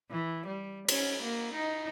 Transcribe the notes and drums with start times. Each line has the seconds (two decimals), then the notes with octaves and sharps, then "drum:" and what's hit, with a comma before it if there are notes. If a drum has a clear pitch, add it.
0.11 E3
0.47 G3
0.89 C#4, drum: cymbal
1.23 A#3
1.54 D#4